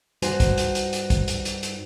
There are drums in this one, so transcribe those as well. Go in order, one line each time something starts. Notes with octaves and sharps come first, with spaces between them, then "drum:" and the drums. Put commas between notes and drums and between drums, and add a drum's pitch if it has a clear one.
G2 D#4 F#4 C5 G#5, drum: hi-hat
drum: kick, hi-hat
drum: hi-hat
drum: hi-hat
drum: hi-hat
drum: kick, hi-hat
drum: hi-hat
drum: hi-hat
drum: hi-hat